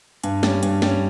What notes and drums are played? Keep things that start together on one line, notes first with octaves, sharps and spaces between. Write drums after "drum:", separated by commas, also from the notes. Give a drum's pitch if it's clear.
G2, drum: hi-hat
G3 C#4, drum: snare
G2, drum: hi-hat
G3 C#4, drum: snare